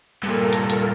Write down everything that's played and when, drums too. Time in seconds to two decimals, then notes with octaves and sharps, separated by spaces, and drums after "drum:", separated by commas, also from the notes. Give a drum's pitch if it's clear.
0.23 G2 A#2 A4 A#4
0.53 drum: hi-hat
0.70 drum: hi-hat